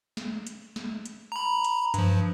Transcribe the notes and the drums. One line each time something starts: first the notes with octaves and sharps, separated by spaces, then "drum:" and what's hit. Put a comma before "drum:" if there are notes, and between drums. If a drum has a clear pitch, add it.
drum: snare
drum: hi-hat
drum: snare
drum: hi-hat
A#5 B5
drum: hi-hat
G2 F3, drum: hi-hat